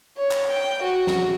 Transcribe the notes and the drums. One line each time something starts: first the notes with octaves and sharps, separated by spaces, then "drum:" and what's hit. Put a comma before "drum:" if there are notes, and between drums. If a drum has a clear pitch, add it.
C#5
drum: clap
G5
F#4
drum: snare